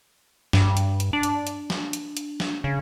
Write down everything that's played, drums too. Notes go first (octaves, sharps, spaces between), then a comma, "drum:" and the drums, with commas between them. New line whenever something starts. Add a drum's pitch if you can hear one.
G2, drum: snare
drum: hi-hat
drum: hi-hat
D4
drum: hi-hat
drum: hi-hat
drum: snare
drum: hi-hat
drum: hi-hat
drum: snare
C#3